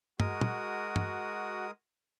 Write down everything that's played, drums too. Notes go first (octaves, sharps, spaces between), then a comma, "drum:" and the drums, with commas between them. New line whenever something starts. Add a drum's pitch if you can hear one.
G#3 F#4 A#4 D#6, drum: tom
drum: tom
drum: tom